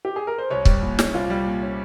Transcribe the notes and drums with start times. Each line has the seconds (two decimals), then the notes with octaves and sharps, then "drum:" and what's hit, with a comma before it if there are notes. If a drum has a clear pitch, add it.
0.05 G4
0.16 G#4
0.27 A#4
0.38 C5
0.50 C2 C#5
0.65 G3, drum: kick C#1
0.82 A#2
0.99 C#4, drum: snare
1.14 C2 F4
1.30 G3
1.46 A#2
1.62 C#4